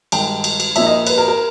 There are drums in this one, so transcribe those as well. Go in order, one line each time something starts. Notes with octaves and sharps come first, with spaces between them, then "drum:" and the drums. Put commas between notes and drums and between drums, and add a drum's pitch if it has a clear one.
G2 D#3 G#3 G5, drum: cymbal
drum: cymbal
drum: cymbal
A#1 A#2 A#3 D#4 E5, drum: cymbal
D#5
B4, drum: cymbal
A#4
A#4